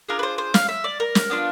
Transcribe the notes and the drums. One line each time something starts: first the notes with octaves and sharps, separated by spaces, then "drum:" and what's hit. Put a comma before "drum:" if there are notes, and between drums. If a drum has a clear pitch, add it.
D4 F4 G#4 A#4
B4
C5
C5
F5, drum: snare
E5
D5
A#4
drum: snare
B3 D4 F4